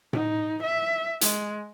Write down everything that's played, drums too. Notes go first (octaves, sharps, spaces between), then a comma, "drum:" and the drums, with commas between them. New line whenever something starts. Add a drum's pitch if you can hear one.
D#4, drum: tom A2
E5
G#3, drum: hi-hat